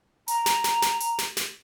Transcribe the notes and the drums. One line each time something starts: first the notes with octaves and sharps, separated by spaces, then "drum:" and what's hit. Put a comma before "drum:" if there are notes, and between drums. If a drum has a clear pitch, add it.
A#5, drum: hi-hat
drum: snare
drum: snare
drum: snare
drum: hi-hat
drum: snare
drum: snare